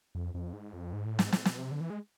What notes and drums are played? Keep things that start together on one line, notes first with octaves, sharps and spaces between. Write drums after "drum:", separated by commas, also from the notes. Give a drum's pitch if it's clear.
F2
F2
G#2
F2
G#2
A2
G#2, drum: snare
A2, drum: snare
B2, drum: snare
C3
D3
E3
G#3